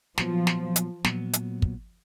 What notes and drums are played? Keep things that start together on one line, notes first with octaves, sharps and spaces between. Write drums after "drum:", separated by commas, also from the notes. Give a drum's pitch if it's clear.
A#2 F3 F#3 B3, drum: snare
drum: snare
drum: hi-hat
A#2 F#3 B3, drum: snare
drum: hi-hat
drum: kick